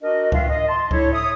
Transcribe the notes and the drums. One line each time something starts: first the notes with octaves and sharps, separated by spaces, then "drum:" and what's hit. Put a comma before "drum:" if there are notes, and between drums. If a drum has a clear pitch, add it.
D4 F#4 A#4 D#5
C#2 D#3 D4 F4 E5 F5, drum: kick C#2
D#5
A5 C6
D4 E4 A4 C#5, drum: kick C#2
E5 D#6